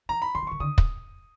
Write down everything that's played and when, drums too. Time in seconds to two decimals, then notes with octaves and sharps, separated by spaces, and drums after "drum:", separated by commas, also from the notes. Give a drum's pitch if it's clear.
0.09 E3 A#5
0.22 B5
0.35 D#3 C6
0.42 E3
0.47 D#3 C#6
0.60 D3 D#6
0.78 drum: kick